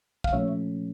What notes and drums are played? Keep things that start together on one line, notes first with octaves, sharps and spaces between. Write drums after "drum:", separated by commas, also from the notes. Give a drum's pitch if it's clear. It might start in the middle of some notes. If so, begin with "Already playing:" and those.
F5, drum: kick
A#2 F3 A3 C#4 C#5 E5